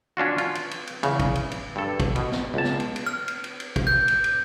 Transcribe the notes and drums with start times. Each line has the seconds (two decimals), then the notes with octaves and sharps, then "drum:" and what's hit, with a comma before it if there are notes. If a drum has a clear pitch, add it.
0.17 C#4 D4 F4 F#4
0.38 F4, drum: cymbal
0.55 drum: cymbal
0.71 drum: cymbal
0.87 drum: cymbal
1.03 E2 C#3, drum: cymbal
1.19 drum: kick, cymbal
1.35 drum: cymbal
1.52 drum: cymbal
1.76 G2 A4
2.00 drum: kick, cymbal
2.16 B2, drum: cymbal
2.32 drum: snare
2.54 C#2 A5
2.64 drum: snare
2.80 drum: cymbal
2.96 drum: cymbal
3.06 F6
3.28 drum: cymbal
3.44 drum: cymbal
3.60 drum: cymbal
3.76 drum: kick, cymbal
3.87 G6
4.08 drum: cymbal
4.24 drum: cymbal